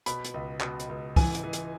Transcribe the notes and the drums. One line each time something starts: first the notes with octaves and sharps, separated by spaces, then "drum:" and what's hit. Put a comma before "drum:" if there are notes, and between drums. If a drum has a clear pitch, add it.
B2 B5, drum: hi-hat
drum: hi-hat
C#2
B2, drum: clap
drum: hi-hat
C#2
E3 G#5, drum: kick, open hi-hat
drum: hi-hat
E3
drum: hi-hat